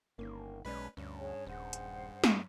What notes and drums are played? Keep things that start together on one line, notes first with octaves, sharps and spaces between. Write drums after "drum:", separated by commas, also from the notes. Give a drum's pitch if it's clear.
G1 D#3 A#3 C#4
B1 G#3 C#4 B4 D5 B5
D2 G2 C#4
G#4 C#5 A5
D#1 G#4 C5 F#5
drum: hi-hat
drum: snare